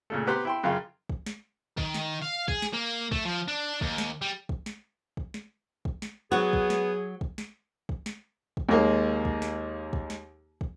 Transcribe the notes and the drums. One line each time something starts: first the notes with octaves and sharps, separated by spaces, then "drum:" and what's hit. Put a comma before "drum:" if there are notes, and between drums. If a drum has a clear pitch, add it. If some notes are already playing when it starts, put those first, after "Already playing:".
A#2 C#3 A3
B3 G4 B4 C5 A#5 C6
E4 G5 C6
F#2 C#3 F4 F5 G5
drum: kick
drum: snare
D#3, drum: kick
drum: snare
F5
G#4, drum: kick
drum: snare
A#3
A3, drum: kick
F3
D4
D#2, drum: kick
drum: snare
G3
drum: kick
drum: snare
drum: kick
drum: snare
drum: kick
drum: snare
F#3 B3 F#4 G#4
drum: kick
drum: snare
drum: kick
drum: snare
drum: kick
drum: snare
drum: kick
D#2 G#3 A#3 D#4
drum: kick
drum: snare
drum: kick
drum: snare
drum: kick